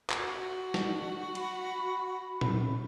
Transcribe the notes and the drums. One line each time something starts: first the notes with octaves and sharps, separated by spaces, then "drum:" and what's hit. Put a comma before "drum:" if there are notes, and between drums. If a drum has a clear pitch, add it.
drum: clap
F#4
drum: snare
B5, drum: cymbal
drum: tom